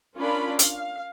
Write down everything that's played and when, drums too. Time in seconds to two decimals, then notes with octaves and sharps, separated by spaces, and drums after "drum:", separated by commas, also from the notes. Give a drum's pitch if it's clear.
0.16 C#4 D4 F4 A#4 B5
0.59 F5, drum: hi-hat